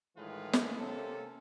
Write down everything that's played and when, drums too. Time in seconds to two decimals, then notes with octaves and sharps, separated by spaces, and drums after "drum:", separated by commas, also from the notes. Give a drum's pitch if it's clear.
0.17 A2 D#3 E3 G#3 F4 B4
0.53 drum: snare
0.77 C3 A#3 C#4 A4